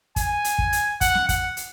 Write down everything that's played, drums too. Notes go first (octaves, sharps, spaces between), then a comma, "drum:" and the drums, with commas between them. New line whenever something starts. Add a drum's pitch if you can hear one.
G#5, drum: kick, hi-hat
drum: hi-hat
drum: kick
drum: hi-hat
F#5, drum: kick, hi-hat
drum: snare
F#5, drum: kick, hi-hat
drum: hi-hat